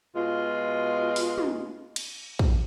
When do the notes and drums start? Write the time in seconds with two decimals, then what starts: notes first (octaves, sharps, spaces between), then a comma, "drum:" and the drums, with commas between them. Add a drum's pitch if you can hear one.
0.15 B2 G#3 F4
1.16 drum: open hi-hat
1.38 drum: tom
1.96 drum: cymbal
2.39 drum: kick